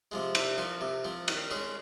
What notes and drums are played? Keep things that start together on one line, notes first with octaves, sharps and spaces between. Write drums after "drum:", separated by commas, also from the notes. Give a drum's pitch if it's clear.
C3 F3 G#3
C3, drum: cymbal
F3 C4
C3
F3 C4
D#3, drum: cymbal
G#3 C#4 G#4